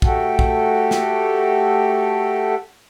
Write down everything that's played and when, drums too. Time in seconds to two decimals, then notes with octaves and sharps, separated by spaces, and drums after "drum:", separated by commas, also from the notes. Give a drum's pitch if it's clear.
0.02 A3 F#4 G4 A4, drum: kick
0.39 drum: kick
0.91 drum: snare